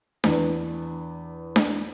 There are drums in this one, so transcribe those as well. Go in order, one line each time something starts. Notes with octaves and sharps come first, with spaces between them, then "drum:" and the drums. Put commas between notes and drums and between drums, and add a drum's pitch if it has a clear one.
E2 D4 B4, drum: snare D4
drum: snare D4